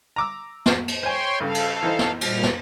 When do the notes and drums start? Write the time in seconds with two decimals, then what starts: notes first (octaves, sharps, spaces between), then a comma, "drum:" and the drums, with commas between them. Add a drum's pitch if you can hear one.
0.16 A#5 D6 E6
0.66 drum: snare
0.88 drum: cymbal
1.03 C5 C#5 G5 G#5 C6
1.40 G2 C#3 A4 F5
1.54 drum: cymbal
1.83 E3 D#4 C5
1.99 drum: snare
2.21 A#2 G3 F6, drum: cymbal
2.43 drum: snare